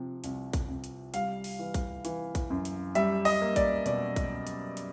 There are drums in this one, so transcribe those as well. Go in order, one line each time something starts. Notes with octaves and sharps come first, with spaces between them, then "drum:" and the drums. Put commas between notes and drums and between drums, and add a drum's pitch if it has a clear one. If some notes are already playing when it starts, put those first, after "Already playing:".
Already playing: C3 F3
C2, drum: hi-hat
drum: kick, hi-hat
C2
drum: hi-hat
G3 F5, drum: hi-hat
drum: open hi-hat
E3
drum: kick, hi-hat
E3, drum: hi-hat
drum: kick, hi-hat
F#2
drum: hi-hat
G3 E5, drum: hi-hat
D#5, drum: open hi-hat
A#3
D5, drum: kick, hi-hat
B2 D5, drum: hi-hat
drum: kick, hi-hat
drum: hi-hat
drum: hi-hat